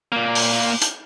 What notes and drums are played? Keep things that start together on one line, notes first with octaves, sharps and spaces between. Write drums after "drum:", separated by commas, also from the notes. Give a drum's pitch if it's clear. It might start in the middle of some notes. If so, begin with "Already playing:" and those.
A#2 A#3
drum: open hi-hat
drum: hi-hat